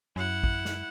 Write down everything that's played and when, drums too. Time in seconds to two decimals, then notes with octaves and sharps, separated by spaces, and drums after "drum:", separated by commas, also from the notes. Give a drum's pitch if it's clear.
0.16 F#2 E4 F#5
0.44 drum: kick
0.65 drum: snare